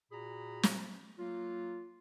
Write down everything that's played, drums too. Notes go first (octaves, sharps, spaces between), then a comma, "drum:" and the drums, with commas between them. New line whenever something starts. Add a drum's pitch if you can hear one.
A#2 F#4 G#4 A#5 B5
drum: snare
F#3 A#3 F4